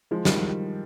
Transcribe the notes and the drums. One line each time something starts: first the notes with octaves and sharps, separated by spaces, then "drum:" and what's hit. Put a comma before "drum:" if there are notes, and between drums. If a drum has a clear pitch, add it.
F3 G#3
D#3 G3, drum: snare